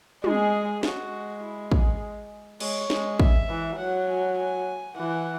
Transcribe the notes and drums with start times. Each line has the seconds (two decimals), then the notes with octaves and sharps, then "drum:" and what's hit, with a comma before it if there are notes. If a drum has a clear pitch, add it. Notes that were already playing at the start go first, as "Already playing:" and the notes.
0.24 G#3 G#4, drum: tom
0.83 G#3 F#4, drum: snare
1.42 E4
1.72 G#4, drum: kick
2.60 G#3 C#5, drum: cymbal
2.90 G#3, drum: snare
3.20 E5, drum: kick
3.49 E3
3.78 F#3 F#5
4.08 G#5
4.37 G#5
4.96 E3 F#5